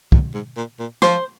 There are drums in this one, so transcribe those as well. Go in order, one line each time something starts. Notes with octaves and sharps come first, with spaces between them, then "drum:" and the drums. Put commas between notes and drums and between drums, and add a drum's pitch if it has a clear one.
A#2, drum: kick
G#2
A#2
A#2
F3 C5, drum: rim click